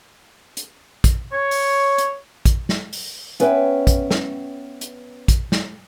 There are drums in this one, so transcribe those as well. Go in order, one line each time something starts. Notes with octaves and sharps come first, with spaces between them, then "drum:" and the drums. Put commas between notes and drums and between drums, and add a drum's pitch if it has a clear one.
drum: hi-hat
drum: kick, hi-hat
C#5
drum: open hi-hat
drum: hi-hat
drum: kick, hi-hat
drum: snare
drum: open hi-hat
B3 C#4 B4 C#5 E5 G5, drum: hi-hat
drum: kick, hi-hat
drum: snare
drum: hi-hat
drum: kick, hi-hat
drum: snare